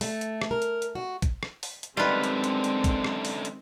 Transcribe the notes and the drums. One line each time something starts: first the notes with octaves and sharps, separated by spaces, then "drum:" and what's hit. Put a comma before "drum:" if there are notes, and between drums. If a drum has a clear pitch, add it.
A3, drum: open hi-hat
drum: hi-hat
drum: rim click
A#4
drum: hi-hat
drum: hi-hat
F#4
drum: kick, hi-hat
drum: rim click
drum: open hi-hat
drum: hi-hat
F#2 D3 D#3 G3 G#3 C4 F4 B4
drum: hi-hat
drum: hi-hat
drum: hi-hat
drum: kick, hi-hat
drum: rim click
drum: open hi-hat
drum: hi-hat